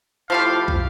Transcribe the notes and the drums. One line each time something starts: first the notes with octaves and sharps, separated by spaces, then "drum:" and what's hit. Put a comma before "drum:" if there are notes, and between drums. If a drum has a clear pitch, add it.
F3 A3 E4 G4 F5
drum: kick